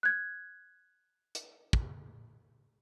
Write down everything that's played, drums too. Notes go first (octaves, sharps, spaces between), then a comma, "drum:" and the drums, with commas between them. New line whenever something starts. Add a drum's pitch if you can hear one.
F#6 G#6
drum: hi-hat
drum: kick